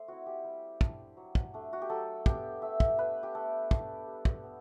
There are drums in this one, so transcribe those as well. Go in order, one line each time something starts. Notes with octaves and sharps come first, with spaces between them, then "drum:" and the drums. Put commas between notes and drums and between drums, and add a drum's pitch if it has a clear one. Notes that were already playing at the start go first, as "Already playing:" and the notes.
Already playing: A3 C5 D5 E5
C4 E4 F#4
G4
G3
D4, drum: kick
F#3
drum: kick
A3 D4
F#4
G4
F#3 A4
B3 D4 G4, drum: kick
A3 E5
drum: kick
D4 B4
G4
A3 A4
D4, drum: kick
G3
drum: kick
B3